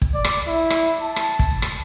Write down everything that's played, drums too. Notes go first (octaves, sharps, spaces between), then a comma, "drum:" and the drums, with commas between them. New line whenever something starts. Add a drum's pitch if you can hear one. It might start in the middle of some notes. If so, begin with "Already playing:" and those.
drum: kick
D5
drum: rim click
E4
drum: rim click
A5
drum: rim click
drum: kick
drum: rim click